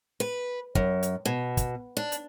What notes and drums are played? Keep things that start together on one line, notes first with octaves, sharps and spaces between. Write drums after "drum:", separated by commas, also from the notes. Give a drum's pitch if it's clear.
B4
F#2, drum: kick
drum: hi-hat
B2
drum: kick, hi-hat
D4
drum: hi-hat